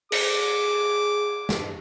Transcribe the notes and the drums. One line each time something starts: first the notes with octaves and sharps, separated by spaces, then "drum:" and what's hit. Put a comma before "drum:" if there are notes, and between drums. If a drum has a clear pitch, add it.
G#4 D6, drum: cymbal
drum: snare